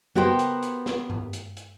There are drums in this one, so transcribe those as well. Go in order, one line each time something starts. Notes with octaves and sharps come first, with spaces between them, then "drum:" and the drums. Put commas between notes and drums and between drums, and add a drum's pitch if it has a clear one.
B3 F#4 G4 A#4 C5, drum: tom C#3
drum: hi-hat
drum: hi-hat
drum: snare
drum: tom G2
drum: hi-hat
drum: hi-hat